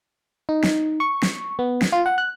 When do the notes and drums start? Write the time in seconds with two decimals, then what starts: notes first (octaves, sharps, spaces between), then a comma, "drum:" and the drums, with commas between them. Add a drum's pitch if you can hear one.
0.49 D#4
0.64 drum: snare
1.00 C#6
1.23 drum: snare
1.59 B3
1.82 drum: snare
1.92 F4
2.06 F#5
2.18 F#6